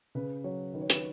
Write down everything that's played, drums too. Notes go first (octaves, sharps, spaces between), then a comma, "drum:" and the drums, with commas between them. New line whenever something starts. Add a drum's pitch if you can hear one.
C#3 B4
F#3 C#5
D#3 B4
C#5
B4, drum: hi-hat